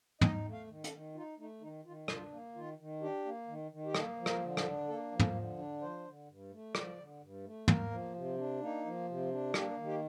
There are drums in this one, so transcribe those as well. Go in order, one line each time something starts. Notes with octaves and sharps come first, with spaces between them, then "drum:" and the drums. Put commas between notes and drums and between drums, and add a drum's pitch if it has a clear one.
D#4 D#5, drum: tom
A3
F5
D#3
A4, drum: hi-hat
D#3
D#4 F4
A3 D#4
D#3 D#4
D#3 F4
D4 F4, drum: rim click
A#3
D#3 F4
D#3
D4 G4
A#3
D#3
D#3
G4
A#3 A4, drum: rim click
F3
A#4, drum: rim click
D3
A4, drum: rim click
D4
A#3 A4
F3
A4, drum: tom
D3
D4
F3 C5
D3
G2
A3
F3 D5, drum: rim click
D3
G2
A3
A#3 A#4, drum: tom
F3
C3
D4
A#3 D#4
F3
C3
D4
A#3 G4, drum: rim click
D#3
G4